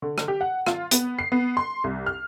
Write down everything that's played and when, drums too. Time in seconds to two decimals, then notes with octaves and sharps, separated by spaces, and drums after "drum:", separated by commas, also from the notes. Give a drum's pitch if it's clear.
0.02 D3
0.18 drum: rim click
0.28 G4
0.41 F#5
0.66 F4, drum: rim click
0.91 B3, drum: hi-hat
1.19 C7
1.32 B3
1.57 C6
1.84 C2
2.06 F6